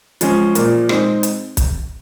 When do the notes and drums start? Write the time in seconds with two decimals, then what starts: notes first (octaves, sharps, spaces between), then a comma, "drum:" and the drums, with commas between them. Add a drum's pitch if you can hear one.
0.21 F3 G#3 C#4, drum: hi-hat
0.55 A#2 F3 A#3, drum: hi-hat
0.89 G#3 C4 D#4, drum: rim click
1.23 drum: hi-hat
1.57 drum: kick, hi-hat